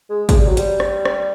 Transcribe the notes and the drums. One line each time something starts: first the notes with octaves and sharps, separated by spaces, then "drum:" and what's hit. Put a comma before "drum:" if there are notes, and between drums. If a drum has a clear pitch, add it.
G#3
G#3, drum: kick, hi-hat
G3
F#3
G3, drum: hi-hat
drum: rim click
drum: rim click